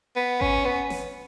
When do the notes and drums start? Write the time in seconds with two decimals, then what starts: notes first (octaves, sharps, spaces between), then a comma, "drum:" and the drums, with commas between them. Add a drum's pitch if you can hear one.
0.16 B3
0.41 C#4, drum: kick G#1
0.66 B3
0.90 drum: snare